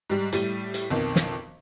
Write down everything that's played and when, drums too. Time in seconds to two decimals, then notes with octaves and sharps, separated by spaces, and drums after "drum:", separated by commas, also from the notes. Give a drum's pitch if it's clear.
0.10 G#2 G3
0.33 A2 G3 D#7, drum: hi-hat
0.74 drum: hi-hat
0.90 B1 F2 D#3
1.16 drum: snare